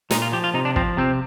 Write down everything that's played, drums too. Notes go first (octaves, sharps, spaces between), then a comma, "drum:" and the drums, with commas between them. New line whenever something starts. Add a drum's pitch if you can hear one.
A#2 D#4, drum: snare
F4
F3 G4
F4
C3 D#4
D4
F3 C4, drum: kick
C3 C4